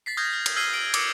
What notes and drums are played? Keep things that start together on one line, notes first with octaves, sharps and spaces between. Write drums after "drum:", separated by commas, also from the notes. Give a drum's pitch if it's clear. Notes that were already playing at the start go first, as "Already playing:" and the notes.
A6 B6 C7
D#6 F6 G6 G#6 A#6 B6
F6
drum: cymbal
E6 F6 G#6 C7 D#7 G7
D7
D6 D#6 G#6 C#7 F#7, drum: cymbal